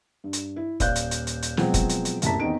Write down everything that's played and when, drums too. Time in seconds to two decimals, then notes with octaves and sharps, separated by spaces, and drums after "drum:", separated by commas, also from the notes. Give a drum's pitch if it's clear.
0.24 G2
0.33 drum: hi-hat
0.56 E4
0.80 D#1 D5 F5 F#6 G6, drum: kick, hi-hat
0.96 drum: hi-hat
1.11 drum: hi-hat
1.27 drum: hi-hat
1.43 drum: hi-hat
1.57 B2 F3 F#3 G#3 C4, drum: snare
1.74 drum: kick, hi-hat
1.90 drum: hi-hat
2.05 drum: hi-hat
2.22 F#1 C2 A2 A5 A#5 B6, drum: hi-hat
2.40 E2 D#3 C4 D#4 D7